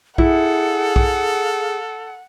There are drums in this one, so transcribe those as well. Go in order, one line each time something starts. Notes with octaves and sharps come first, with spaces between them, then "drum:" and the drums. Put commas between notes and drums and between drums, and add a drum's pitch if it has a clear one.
E4 G#4 A4 F#5, drum: kick B1
drum: kick B1